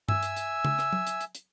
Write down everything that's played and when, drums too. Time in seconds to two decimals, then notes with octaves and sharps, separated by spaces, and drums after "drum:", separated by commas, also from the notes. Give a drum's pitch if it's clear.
0.09 E5 G#5 E6, drum: tom G2
0.23 drum: hi-hat
0.37 drum: hi-hat
0.65 drum: tom C#3
0.79 drum: rim click
0.93 drum: tom F#3
1.07 drum: hi-hat
1.21 drum: hi-hat
1.35 drum: hi-hat